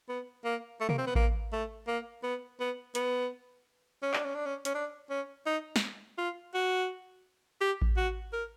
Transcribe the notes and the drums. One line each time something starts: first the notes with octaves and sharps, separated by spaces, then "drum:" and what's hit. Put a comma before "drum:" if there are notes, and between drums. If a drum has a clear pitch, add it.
B3
A#3
A3
A#3, drum: tom B2
C4
B3
A#3, drum: kick A1
A3
A#3
B3
B3
B3, drum: hi-hat
C#4
D4, drum: clap
C#4
D4
C#4
C#4, drum: hi-hat
D4
C#4
D#4
drum: snare
F4
F#4
G4
drum: kick A1
F#4
A#4